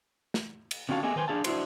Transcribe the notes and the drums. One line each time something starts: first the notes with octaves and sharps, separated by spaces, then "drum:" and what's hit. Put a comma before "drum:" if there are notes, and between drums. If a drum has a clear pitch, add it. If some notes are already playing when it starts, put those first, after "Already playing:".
drum: snare
drum: cymbal
D3 C4 C#4 F#4 F5 A5
A3 B3 G4 G#4 D#5 G#5
D#3 B4 C5 G#5
D4 G#4 F5 A5
D4 E4 F#4 C5, drum: cymbal